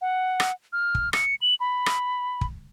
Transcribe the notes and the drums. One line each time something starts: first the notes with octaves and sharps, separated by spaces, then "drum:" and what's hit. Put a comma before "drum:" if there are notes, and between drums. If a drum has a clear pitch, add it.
F#5
drum: rim click
F6
drum: kick
C#7, drum: rim click
F#7
B5
drum: rim click
drum: kick